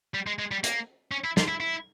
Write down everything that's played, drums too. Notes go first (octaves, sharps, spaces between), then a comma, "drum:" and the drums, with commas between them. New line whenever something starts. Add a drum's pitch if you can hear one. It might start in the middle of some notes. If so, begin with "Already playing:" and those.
G3
G#3
G#3
G3
A#3, drum: hi-hat
C#4
E4
F4, drum: snare
E4
E4